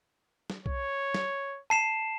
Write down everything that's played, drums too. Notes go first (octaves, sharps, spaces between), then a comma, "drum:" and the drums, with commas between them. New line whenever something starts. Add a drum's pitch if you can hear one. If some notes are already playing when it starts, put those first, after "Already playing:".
drum: snare
C#5, drum: kick B1
drum: snare
A5 C7 E7